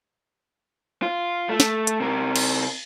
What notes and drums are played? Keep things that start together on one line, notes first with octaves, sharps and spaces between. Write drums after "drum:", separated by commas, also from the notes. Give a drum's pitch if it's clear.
F4
A3
drum: snare
drum: hi-hat
C3 A#4
drum: cymbal